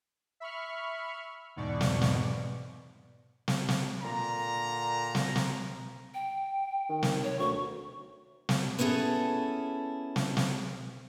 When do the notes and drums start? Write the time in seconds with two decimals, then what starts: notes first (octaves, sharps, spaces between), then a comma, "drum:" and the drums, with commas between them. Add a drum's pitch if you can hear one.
0.40 E5 B5 C#6 F6
1.56 E2 G#2 B2 D5 C#6
1.81 drum: snare
2.01 drum: snare
3.48 drum: snare
3.69 drum: snare
4.03 A#2 D3 A#5
5.15 drum: snare
5.36 drum: snare
6.14 G5
6.89 D#3
7.03 drum: snare
7.23 C#5
7.39 D2 C#6
8.49 drum: snare
8.79 B3 C#4 E4 G#4 A4
10.16 drum: snare
10.37 drum: snare